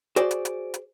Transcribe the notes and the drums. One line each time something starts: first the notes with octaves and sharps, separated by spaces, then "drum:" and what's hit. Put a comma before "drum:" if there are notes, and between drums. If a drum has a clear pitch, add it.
F#4 G#4 C5 D5, drum: hi-hat
drum: hi-hat
drum: hi-hat
drum: hi-hat